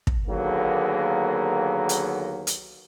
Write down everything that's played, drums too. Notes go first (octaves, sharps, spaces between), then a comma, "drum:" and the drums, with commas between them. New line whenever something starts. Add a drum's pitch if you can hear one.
drum: kick
D#2 D3 F#3 A#3 B3 G#4
drum: hi-hat
drum: hi-hat